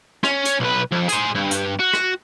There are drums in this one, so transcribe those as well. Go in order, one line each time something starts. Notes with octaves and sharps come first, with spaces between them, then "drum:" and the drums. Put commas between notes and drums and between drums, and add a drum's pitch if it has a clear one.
C#4, drum: rim click
drum: hi-hat
B1 B4
F2
G#4 C5, drum: hi-hat
G2
drum: hi-hat
F#4
drum: rim click